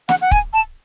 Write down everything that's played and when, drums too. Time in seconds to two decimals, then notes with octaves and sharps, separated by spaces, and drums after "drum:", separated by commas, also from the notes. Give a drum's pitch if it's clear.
0.09 F#5, drum: snare
0.21 F#5
0.31 G#5, drum: kick C#1
0.53 A5